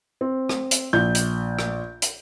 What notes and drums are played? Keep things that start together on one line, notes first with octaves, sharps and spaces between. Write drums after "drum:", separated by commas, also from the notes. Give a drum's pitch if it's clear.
C4
drum: rim click
drum: hi-hat
A#1 G6
drum: hi-hat
drum: rim click
drum: hi-hat